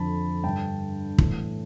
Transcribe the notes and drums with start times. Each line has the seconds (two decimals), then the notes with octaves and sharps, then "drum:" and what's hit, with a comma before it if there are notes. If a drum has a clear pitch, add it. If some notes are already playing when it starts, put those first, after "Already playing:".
Already playing: F2 D3 A5 B5
0.44 G2 D3 G5 A5
1.18 A2 E3, drum: kick